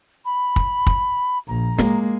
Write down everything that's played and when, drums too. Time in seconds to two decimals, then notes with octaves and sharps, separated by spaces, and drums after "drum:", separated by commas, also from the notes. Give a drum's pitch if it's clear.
0.25 B5
0.56 drum: kick
0.87 drum: kick
1.47 A#1 A#5
1.78 G#3 A#3, drum: snare